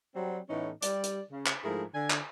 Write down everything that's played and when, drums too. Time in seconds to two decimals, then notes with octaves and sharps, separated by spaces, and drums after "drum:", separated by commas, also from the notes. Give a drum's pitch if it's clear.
0.15 F#3 G3 C4
0.49 A2 E3 A3 B3 C#4 D#4
0.82 G3 D5, drum: hi-hat
1.04 drum: hi-hat
1.31 C#3
1.46 drum: clap
1.64 G#2 F3 A3 E4 G#4 A#4
1.94 D3 D4 G#5
2.10 drum: clap